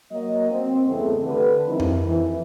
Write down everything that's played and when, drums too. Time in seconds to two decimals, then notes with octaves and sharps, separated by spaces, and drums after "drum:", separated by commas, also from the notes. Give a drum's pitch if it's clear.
0.12 F#3 A#3 D#5
0.50 C4
0.87 E2 G2 C#3 A3
1.24 D3 A3 G4 B4
1.67 D#3 F3 G3 C4 D#4 E4
1.80 drum: tom F2
2.06 E3